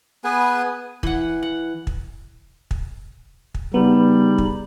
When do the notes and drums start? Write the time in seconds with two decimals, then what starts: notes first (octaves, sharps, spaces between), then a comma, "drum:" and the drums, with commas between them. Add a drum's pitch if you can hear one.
0.24 B3 G#4 B4 G#5
1.03 E3 F#5, drum: kick
1.43 F#5
1.87 drum: kick
2.71 drum: kick
3.54 drum: kick
3.74 C#3 G3 B3 D#4 B5
4.38 drum: kick